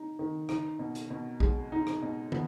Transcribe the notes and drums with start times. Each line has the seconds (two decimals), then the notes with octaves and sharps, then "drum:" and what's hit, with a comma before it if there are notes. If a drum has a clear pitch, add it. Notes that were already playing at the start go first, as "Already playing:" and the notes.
Already playing: D#4
0.19 D#3
0.49 D#4, drum: rim click
0.79 B2
0.95 drum: hi-hat
1.10 B2
1.40 G#3, drum: kick A#1
1.72 D#4
1.87 drum: rim click
2.03 B2
2.32 B3, drum: tom